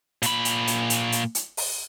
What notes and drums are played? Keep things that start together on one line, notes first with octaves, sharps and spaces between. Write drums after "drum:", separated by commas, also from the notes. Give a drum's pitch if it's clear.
A#2 B5, drum: hi-hat
drum: hi-hat
drum: hi-hat
drum: hi-hat
drum: hi-hat
drum: hi-hat
drum: open hi-hat